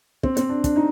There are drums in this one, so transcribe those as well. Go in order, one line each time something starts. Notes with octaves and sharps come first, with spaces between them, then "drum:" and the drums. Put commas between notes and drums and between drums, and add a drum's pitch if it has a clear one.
C4, drum: kick
C4, drum: hi-hat
D4
D4, drum: kick, hi-hat
D#4